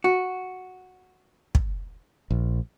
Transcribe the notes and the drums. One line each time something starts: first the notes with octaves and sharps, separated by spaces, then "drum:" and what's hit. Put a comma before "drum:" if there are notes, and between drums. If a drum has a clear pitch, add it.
F#4
drum: kick
A#1